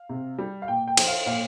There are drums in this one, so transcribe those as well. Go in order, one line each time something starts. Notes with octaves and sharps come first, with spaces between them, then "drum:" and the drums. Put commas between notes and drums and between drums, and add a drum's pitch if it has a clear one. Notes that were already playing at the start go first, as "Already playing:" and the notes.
Already playing: F5
C3
G3
F5
A#2 G5
G5
F3, drum: cymbal
F5
A#2 F5